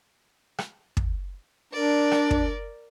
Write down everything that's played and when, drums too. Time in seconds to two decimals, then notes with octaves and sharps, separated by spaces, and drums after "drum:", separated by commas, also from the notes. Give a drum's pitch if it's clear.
0.58 drum: rim click
0.97 drum: kick
1.73 D4 A#4 D5
2.11 drum: rim click
2.31 drum: kick